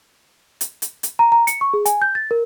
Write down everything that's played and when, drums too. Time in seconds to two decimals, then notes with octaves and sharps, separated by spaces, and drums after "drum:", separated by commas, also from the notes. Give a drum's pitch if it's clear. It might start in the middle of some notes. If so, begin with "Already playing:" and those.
0.61 drum: hi-hat
0.82 drum: hi-hat
1.03 drum: hi-hat
1.19 A#5
1.32 A#5
1.47 C#7, drum: hi-hat
1.61 C#6
1.74 G#4
1.86 G#5, drum: hi-hat
2.02 G6
2.15 A6
2.31 A#4